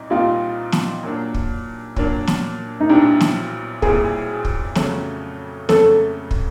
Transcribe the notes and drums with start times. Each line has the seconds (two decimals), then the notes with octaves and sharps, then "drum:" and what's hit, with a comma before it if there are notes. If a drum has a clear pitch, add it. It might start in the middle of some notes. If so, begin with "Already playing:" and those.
Already playing: C2 A#2 D#4
0.10 C2 A#2 G3 C4 D#4 F4
0.72 drum: snare
1.03 A#2 F#3 A#3 D4
1.34 drum: kick
1.96 A#2 F#3 A#3 D4, drum: kick
2.27 drum: snare
2.80 D#4
2.89 B1 A#2 G3 C4 D4 E4
3.21 drum: snare
3.82 B1 A#2 G3 C4 E4 G#4, drum: kick
4.45 drum: kick
4.75 F2 C#3 F#3 A3 C#4, drum: snare
5.69 F2 C#3 F#3 A3 C#4 A4, drum: snare
6.31 drum: kick